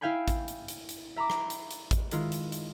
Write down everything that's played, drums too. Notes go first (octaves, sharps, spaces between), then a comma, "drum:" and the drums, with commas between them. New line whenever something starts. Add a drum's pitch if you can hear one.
E4 E5 F5 G5 G#5 B5
drum: kick A1, hi-hat
drum: hi-hat
drum: hi-hat
drum: hi-hat
E5 A#5 B5 D6
drum: rim click
drum: hi-hat
drum: hi-hat
drum: kick A1, hi-hat
D#3 G#3 E4 F4, drum: hi-hat
drum: hi-hat
drum: hi-hat